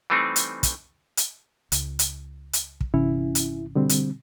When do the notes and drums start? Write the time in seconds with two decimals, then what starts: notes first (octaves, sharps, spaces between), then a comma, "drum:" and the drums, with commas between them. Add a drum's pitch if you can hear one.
0.10 E3 G3 A3 C4 D#4
0.36 drum: hi-hat
0.63 drum: kick, hi-hat
1.17 drum: hi-hat
1.72 C#2, drum: hi-hat
1.99 drum: hi-hat
2.53 drum: hi-hat
2.81 drum: kick
2.94 G1 C3 E3 C#4 E4
3.35 drum: hi-hat
3.75 B2 D3 G3 C4
3.89 drum: hi-hat